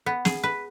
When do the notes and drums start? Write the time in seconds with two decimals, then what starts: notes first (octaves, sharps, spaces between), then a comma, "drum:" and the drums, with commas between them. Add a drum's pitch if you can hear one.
0.06 B3
0.25 G#4, drum: snare
0.43 B4